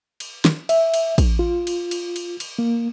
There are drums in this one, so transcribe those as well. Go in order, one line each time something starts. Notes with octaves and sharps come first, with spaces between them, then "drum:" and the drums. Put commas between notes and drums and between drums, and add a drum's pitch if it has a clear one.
drum: cymbal
drum: snare
E5, drum: cymbal
drum: cymbal
drum: kick, cymbal
F4
drum: cymbal
drum: cymbal
drum: cymbal
drum: cymbal
A#3